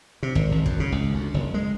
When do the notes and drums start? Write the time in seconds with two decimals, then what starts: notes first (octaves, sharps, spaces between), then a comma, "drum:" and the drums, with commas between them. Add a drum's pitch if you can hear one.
0.23 C3
0.35 G#1, drum: kick
0.51 G#1
0.66 F#2, drum: kick
0.80 C#3
0.92 C#2
1.14 D2
1.34 F#1
1.54 G#3